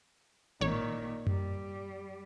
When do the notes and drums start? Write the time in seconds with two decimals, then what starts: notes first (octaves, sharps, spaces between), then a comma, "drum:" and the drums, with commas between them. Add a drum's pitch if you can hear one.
0.61 A1 A#2 D#3 C#5
1.27 G3, drum: tom F#2